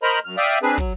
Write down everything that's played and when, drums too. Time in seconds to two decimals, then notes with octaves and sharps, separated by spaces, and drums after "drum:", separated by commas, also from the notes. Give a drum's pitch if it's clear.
0.03 A#4 C5 D#5 A#5 B5
0.25 F#2 F6
0.37 D5 E5 F5 G5 D#6
0.63 C4 D4 G#4 B4
0.78 F#3, drum: kick, hi-hat